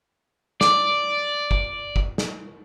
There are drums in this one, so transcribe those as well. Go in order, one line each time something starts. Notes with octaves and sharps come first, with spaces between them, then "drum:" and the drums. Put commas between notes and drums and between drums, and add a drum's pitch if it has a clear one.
D5 D6, drum: snare
drum: kick
drum: kick
drum: snare